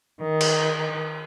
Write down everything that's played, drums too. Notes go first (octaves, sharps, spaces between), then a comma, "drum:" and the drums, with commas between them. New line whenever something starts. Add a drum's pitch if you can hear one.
D#3
drum: cymbal